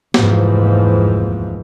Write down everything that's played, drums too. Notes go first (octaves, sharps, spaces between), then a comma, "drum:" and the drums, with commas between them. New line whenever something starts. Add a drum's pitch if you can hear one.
F1 D#2 G#2 E3 F3, drum: snare